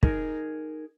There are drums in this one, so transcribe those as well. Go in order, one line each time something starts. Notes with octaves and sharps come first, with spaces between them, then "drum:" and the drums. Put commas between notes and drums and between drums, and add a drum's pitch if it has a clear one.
D#4 G#4 A#4, drum: kick